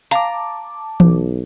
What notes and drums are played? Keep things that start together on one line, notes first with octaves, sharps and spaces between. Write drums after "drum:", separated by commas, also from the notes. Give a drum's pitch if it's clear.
F5 A5 A#5 D6, drum: hi-hat
B1, drum: tom E3